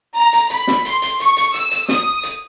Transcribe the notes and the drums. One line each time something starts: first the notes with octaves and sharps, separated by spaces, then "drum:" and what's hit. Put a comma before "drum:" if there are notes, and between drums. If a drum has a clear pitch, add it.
A#5
drum: hi-hat
B5, drum: hi-hat
drum: snare
C6, drum: hi-hat
drum: hi-hat
C#6, drum: hi-hat
drum: hi-hat
E6, drum: hi-hat
drum: hi-hat
D#6, drum: snare
drum: hi-hat